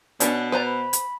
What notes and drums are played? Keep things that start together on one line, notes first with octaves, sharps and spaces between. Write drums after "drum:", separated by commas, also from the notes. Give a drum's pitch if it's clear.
B2 B3 C#4 D4, drum: hi-hat
B4 C5 D5 A#5
B5
drum: hi-hat